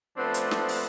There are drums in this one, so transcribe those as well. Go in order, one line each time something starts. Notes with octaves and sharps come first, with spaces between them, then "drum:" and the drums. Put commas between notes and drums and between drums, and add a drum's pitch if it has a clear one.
F3 A3 B3 C4 D4
drum: hi-hat
drum: snare
drum: open hi-hat